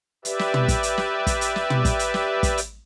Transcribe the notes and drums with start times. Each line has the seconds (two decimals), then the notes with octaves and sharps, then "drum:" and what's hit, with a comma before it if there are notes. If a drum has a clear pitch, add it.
0.25 G4 B4 D5 E5, drum: hi-hat
0.39 drum: snare
0.54 drum: tom
0.68 drum: kick, hi-hat
0.83 drum: hi-hat
0.98 drum: snare
1.27 drum: kick, hi-hat
1.41 drum: hi-hat
1.56 drum: snare
1.70 drum: tom
1.85 drum: kick, hi-hat
1.99 drum: hi-hat
2.14 drum: snare
2.43 drum: kick, hi-hat
2.57 drum: hi-hat